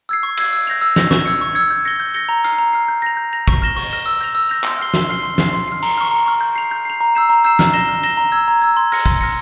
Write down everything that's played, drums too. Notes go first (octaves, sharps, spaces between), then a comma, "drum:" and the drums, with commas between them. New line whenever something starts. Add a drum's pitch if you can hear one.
E6 G#6 C7
C#6
E6 G#6 C7, drum: cymbal
E6
G6 A#6 F7
E6
G6 A#6 F7, drum: snare
C#6, drum: snare
E6 G#6 C#7
C#6
E6 G#6 C#7
G6
A#6 C#7 G7
G6
A#6 C#7 G7
A#5
F6 C7, drum: hi-hat
A#5
F6 C7
G6
A#6 F7
G6
A#6 F7
C#6, drum: kick
F6 A#6 E7 G7
C#6, drum: open hi-hat
F6 A#6 E7 G7
E6
G6 A#6 F7
E6
G6 A#6 F7
C6, drum: clap
F6 C7 G7
C6, drum: snare
F6 C7 G7
C6
F6 C7, drum: snare
C6
F6 C7
A#5, drum: cymbal
C#6 F6
A#5
C#6 F6
G6
C7 F7
G6
C7 F7
A#5
E6 G6 C7 E7
A#5
E6 G6 C7 E7
F6, drum: snare
A#6 E7 G7
F6
A#6 E7 G7, drum: hi-hat
A#5
E6 G#6
A#5
E6 G#6
C6
F6 A#6 C#7, drum: open hi-hat
C6, drum: kick
F6 A#6 C#7